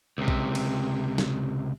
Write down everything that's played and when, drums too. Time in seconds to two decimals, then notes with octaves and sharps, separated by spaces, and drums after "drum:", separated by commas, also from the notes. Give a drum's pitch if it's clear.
0.18 C#2 C3
0.28 drum: kick A#1
0.55 drum: cymbal
1.18 drum: snare